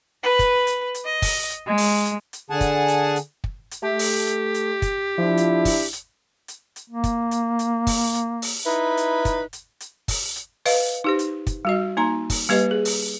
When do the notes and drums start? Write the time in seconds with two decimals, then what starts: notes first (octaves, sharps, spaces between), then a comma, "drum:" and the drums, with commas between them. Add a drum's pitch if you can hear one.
0.23 B4
0.39 drum: kick, hi-hat
0.67 drum: hi-hat
0.95 drum: hi-hat
1.06 D#5
1.22 drum: kick, open hi-hat
1.50 drum: hi-hat
1.66 G#3
1.78 drum: open hi-hat
2.05 drum: hi-hat
2.33 drum: hi-hat
2.50 D3 G#4 F#5 G#5 A5
2.61 drum: kick, hi-hat
2.88 drum: hi-hat
3.16 drum: hi-hat
3.44 drum: kick
3.71 drum: hi-hat
3.82 A3 G4
3.99 drum: open hi-hat
4.27 drum: hi-hat
4.54 drum: hi-hat
4.82 drum: kick, hi-hat
5.18 F3 D4 E4
5.37 drum: hi-hat
5.65 drum: kick, open hi-hat
5.93 drum: hi-hat
6.48 drum: hi-hat
6.76 drum: hi-hat
6.90 A#3
7.04 drum: kick, hi-hat
7.31 drum: hi-hat
7.59 drum: hi-hat
7.87 drum: kick, open hi-hat
8.14 drum: hi-hat
8.42 drum: open hi-hat
8.65 D#4 E4 B4
8.97 drum: hi-hat
9.25 drum: kick, hi-hat
9.53 drum: hi-hat
9.80 drum: hi-hat
10.08 drum: kick, open hi-hat
10.36 drum: hi-hat
10.66 B4 D#5 F5, drum: open hi-hat
11.04 D#4 G4 C5
11.19 drum: hi-hat
11.47 drum: kick, hi-hat
11.65 G3 F#4 D#5
11.97 A#3 D#4 A#5
12.30 drum: kick, open hi-hat
12.49 G3 A#3 G4 B4 D#5
12.71 G#4
12.85 drum: open hi-hat